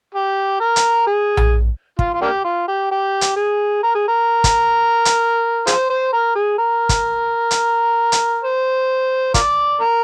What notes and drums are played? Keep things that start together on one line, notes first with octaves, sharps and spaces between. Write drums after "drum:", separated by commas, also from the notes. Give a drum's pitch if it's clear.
G4
A#4
drum: hi-hat
G#4
drum: tom A#1
F4, drum: kick
F4
A#3 D4 G4
F4
G4
G4
drum: hi-hat
G#4
A#4
G#4
A#4
drum: kick, hi-hat
drum: hi-hat
F4 G#4 C5, drum: hi-hat
C5
A#4
G#4
A#4
drum: kick, hi-hat
drum: hi-hat
drum: hi-hat
C5
F4 A#4 D5, drum: kick, hi-hat
A#4